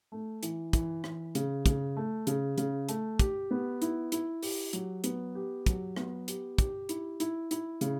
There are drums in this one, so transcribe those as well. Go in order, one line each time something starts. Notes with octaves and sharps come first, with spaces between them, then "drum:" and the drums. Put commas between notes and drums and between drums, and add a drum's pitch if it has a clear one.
A3
E3, drum: hi-hat
E3, drum: kick, hi-hat
E3, drum: rim click
C#3, drum: hi-hat
C#3, drum: kick, hi-hat
A3
C#3, drum: hi-hat
C#3, drum: hi-hat
A3, drum: hi-hat
G4, drum: kick, hi-hat
B3
E4, drum: hi-hat
E4, drum: hi-hat
G4, drum: open hi-hat
F#3, drum: hi-hat
B3, drum: hi-hat
G4
F#3, drum: kick, hi-hat
B3, drum: rim click
G4, drum: hi-hat
G4, drum: kick, hi-hat
E4, drum: hi-hat
E4, drum: hi-hat
E4, drum: hi-hat
C#3, drum: hi-hat